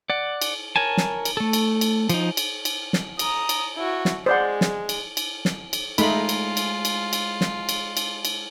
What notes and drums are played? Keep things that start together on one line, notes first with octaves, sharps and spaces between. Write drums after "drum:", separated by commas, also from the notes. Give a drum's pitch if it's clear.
D5 F#5
drum: cymbal
A#4 C#5 G#5 A5
drum: snare
drum: cymbal
A3 A4
drum: cymbal
drum: cymbal
F3 D#4, drum: cymbal
drum: cymbal
drum: cymbal
drum: snare
A#5 D#6, drum: cymbal
drum: cymbal
E4 F#4
drum: snare
G#3 C5 D5 F#5
drum: snare
drum: cymbal
drum: cymbal
drum: snare
drum: cymbal
G#3 A3 D#4 F4 B5, drum: cymbal
drum: cymbal
drum: cymbal
drum: cymbal
drum: cymbal
drum: snare
drum: cymbal
drum: cymbal
drum: cymbal